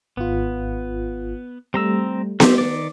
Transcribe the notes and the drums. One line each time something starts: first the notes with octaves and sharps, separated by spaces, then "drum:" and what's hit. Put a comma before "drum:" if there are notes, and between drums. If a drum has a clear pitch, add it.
G#1 B3 F4
G3 A3 C4 A#5 E6
C4 G4, drum: snare B3
D#3 D5